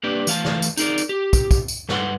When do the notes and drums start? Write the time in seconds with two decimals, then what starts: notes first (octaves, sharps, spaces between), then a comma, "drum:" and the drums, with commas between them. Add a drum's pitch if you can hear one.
0.03 A#3 D4 G4 B4 D5
0.27 E3 A3 F5 G5 A5, drum: tambourine
0.45 drum: snare
0.62 drum: tambourine
0.77 D#4 G#4 A#4 D5, drum: tambourine
0.98 drum: tambourine
1.09 G4
1.33 drum: kick, tambourine
1.51 drum: kick, tambourine
1.68 drum: tambourine
1.89 G2 B4 F#5 C6, drum: snare